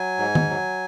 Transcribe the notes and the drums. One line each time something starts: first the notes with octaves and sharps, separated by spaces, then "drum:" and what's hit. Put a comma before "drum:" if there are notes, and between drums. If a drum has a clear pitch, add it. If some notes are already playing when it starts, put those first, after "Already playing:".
Already playing: F#3 G#5
G#2
drum: tom D#3
F#3